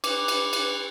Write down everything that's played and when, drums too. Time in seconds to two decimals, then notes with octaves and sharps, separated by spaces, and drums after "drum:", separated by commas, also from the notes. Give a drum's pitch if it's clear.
0.04 B4 D6, drum: cymbal
0.28 drum: cymbal
0.53 drum: cymbal